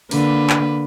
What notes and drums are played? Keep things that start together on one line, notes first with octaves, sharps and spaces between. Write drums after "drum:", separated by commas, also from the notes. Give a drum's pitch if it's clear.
D3 A#3 B4, drum: open hi-hat
drum: clap